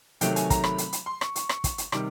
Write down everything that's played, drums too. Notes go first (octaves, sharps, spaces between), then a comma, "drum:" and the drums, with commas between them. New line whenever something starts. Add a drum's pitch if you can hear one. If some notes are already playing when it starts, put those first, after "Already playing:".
C3 D#3 F#3 A3 G5, drum: hi-hat
G#5, drum: hi-hat
A#5, drum: kick, hi-hat
B5, drum: rim click
drum: hi-hat
drum: hi-hat
C6
C#6, drum: rim click
C#6, drum: hi-hat
C#6, drum: rim click
drum: kick, hi-hat
drum: hi-hat
C3 D#3 G3 D6, drum: rim click